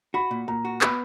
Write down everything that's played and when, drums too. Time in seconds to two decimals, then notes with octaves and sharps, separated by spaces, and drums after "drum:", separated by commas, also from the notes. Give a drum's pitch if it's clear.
0.14 F#4 B5
0.31 A#2
0.48 A#2 A#5
0.65 F#4
0.81 B3 B5, drum: clap